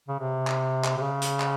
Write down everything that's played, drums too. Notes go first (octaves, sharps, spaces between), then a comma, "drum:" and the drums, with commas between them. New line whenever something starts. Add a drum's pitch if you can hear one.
C#3
C3
drum: clap
drum: clap
C3
C#3
drum: hi-hat
drum: clap